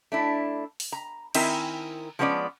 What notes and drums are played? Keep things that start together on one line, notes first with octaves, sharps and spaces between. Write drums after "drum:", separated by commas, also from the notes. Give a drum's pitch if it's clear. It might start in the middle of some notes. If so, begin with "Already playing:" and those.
A3 D4 E4
drum: open hi-hat
A#5
D#3 C4 E4 A#4 E5 G#5, drum: cymbal
F3 G#3 B3 C#4 D4 D5